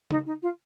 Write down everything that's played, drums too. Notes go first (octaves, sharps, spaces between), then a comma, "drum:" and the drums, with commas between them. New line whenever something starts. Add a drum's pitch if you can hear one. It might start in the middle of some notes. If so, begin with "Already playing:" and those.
D#4, drum: tom
D#4
F4